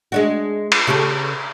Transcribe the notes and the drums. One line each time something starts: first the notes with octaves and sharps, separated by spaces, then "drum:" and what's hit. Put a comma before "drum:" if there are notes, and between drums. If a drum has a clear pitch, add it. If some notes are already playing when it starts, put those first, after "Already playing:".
G#3 D4 F#4
drum: cymbal
C#3 G4 A4